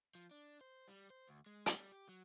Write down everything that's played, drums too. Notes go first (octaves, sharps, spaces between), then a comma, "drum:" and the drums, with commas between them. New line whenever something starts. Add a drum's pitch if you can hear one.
F3
D4
C5
G3
C5
D2
G#3
G3, drum: hi-hat
G4
F#3